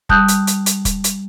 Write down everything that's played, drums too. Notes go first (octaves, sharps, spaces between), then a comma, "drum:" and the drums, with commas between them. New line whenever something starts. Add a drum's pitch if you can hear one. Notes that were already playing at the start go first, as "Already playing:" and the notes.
G3 A5 D#6 F#6 G6, drum: kick
drum: hi-hat
drum: hi-hat
drum: hi-hat
drum: kick, hi-hat
drum: hi-hat